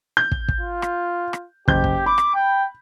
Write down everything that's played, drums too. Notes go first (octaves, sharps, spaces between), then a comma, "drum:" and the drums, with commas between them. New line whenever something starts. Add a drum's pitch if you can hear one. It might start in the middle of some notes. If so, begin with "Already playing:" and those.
G6
drum: kick
drum: kick
F4
drum: rim click
drum: rim click
F#1 G4 G6, drum: kick
drum: kick
B5 D6
drum: rim click
G5